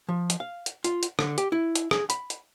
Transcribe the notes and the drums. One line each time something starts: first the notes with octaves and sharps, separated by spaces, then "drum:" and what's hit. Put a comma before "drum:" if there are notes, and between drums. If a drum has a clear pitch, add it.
F3
drum: hi-hat
F5
drum: hi-hat
F4, drum: hi-hat
drum: hi-hat
D3, drum: rim click
G4, drum: hi-hat
E4
drum: hi-hat
G#4, drum: rim click
B5, drum: hi-hat
drum: hi-hat